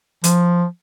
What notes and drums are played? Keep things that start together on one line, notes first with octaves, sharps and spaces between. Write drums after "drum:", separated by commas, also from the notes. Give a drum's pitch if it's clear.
F3, drum: hi-hat